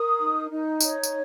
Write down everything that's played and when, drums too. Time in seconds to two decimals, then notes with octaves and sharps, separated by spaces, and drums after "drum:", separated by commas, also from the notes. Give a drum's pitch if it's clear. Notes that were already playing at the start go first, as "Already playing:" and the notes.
Already playing: A#4 D#6
0.21 D#4
0.50 D#4
0.81 C#5, drum: tambourine
1.03 drum: tambourine